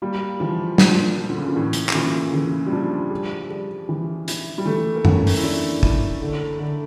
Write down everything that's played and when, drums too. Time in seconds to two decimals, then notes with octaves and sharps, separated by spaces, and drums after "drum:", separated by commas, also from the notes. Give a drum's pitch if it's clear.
0.02 G3 A#3
0.40 E3 F3
0.78 A#2 D4, drum: snare
1.17 A#2 D4
1.30 D3
1.38 C#3
1.48 A#2
1.56 A2 E3
1.73 drum: hi-hat
1.89 C#3, drum: clap
1.95 A#2 E3
2.34 C#3 E3
2.66 G3
2.72 F3 D4
3.11 G3
3.50 G3
3.89 E3
4.28 E4, drum: hi-hat
4.58 G3
4.65 E3 A3
4.96 A#3
5.05 E3 C#4, drum: tom F#2
5.27 drum: open hi-hat
5.37 E4
5.43 E3 D4
5.83 E4, drum: kick
6.22 D3
6.60 D3